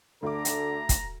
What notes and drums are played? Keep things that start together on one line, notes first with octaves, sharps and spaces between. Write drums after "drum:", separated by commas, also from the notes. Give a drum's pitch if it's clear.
D2 D3 A4 A#5 D6
drum: hi-hat
drum: kick, hi-hat